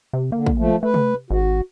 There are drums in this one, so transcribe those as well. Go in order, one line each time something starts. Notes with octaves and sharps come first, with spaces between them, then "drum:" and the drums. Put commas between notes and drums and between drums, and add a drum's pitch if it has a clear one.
C3
D3 A#3
drum: kick
F3 A3
A3 B4
drum: tom C3
G#1 F#4